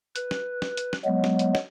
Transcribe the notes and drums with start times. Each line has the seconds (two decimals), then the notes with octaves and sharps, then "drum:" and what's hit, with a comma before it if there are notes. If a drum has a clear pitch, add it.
0.16 B4, drum: hi-hat
0.31 drum: snare
0.62 drum: snare
0.77 drum: hi-hat
0.93 drum: snare
1.05 F#3 G#3 B3
1.24 drum: snare
1.39 drum: hi-hat
1.55 drum: snare